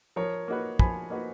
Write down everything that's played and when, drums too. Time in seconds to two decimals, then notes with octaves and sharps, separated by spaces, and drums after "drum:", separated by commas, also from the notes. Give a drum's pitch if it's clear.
0.16 F3 A#4 C#5
0.48 A#3 D#4 F#4 B4
0.79 F3 G#5 B5, drum: kick
1.10 A#3 D#4 F#4 B4